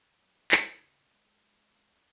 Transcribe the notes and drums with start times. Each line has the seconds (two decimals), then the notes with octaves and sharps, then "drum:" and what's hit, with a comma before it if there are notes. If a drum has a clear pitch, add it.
0.22 F#3
0.52 C#3, drum: clap
1.14 G#3